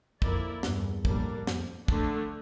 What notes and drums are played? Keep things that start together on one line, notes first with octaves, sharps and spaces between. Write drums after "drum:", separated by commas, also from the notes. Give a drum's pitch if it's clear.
F2 A#3 E4 A#4 D5, drum: kick
E2 G2, drum: snare
F2 A2 G3 A#3 D4, drum: kick
F2, drum: snare
F2 D3 A3 D4, drum: kick